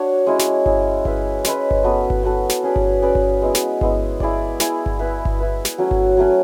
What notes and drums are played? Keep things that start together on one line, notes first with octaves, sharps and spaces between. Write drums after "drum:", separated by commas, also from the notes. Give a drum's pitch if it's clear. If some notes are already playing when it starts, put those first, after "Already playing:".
Already playing: D4 F#4 C#5
G#3 C#4 E4
drum: snare
G#3 C#4 E4, drum: kick G1
G#3 C#4 E4 B4, drum: kick G1
G#3 C#4 E4 B4, drum: snare
drum: kick G1
B3 F#4 A4
drum: kick G1
B3 F#4 A4
drum: snare
C#4 G#4 B4 D5
drum: kick G1
C#4 G#4 B4 D5
drum: kick G1
G#3 B3 E4
drum: snare
G#3 B3 E4, drum: kick G1
E4 G#4 D5, drum: kick G1
E4 G#4 D5, drum: snare
drum: kick G1
E4 B4 E5
drum: kick G1
E4 B4 E5
drum: snare
F#3 A3 C#4 F#4
drum: kick G1
F#3 A3 C#4 F#4